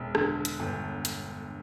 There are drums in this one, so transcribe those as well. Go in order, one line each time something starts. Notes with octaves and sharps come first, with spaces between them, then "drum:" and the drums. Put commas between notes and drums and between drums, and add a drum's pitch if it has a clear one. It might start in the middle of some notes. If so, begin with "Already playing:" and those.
Already playing: E1
D3, drum: rim click
drum: hi-hat
G1
drum: hi-hat